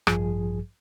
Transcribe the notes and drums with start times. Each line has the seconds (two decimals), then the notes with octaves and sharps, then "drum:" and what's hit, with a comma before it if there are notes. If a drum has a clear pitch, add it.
0.07 A1 G2 F3 G#4, drum: rim click